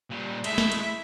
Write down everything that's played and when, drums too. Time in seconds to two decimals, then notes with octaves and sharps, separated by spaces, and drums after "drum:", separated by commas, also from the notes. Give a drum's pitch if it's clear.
0.10 A#2 G3
0.44 G#3 A3 E4 E5, drum: hi-hat
0.58 drum: snare
0.72 drum: hi-hat